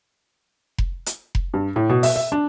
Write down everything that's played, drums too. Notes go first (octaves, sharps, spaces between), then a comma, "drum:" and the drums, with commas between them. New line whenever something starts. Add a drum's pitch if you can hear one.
drum: kick F1
drum: hi-hat
drum: kick F1
G2
A2
B2
E5, drum: open hi-hat
E5
D4